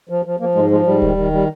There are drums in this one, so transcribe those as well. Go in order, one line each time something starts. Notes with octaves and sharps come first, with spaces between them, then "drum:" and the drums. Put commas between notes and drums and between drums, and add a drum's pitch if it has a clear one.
F3
F3
F3 A#3
G#2 G#3
F3 G#3
G#2 G3
D#3, drum: kick D1
D#3
G3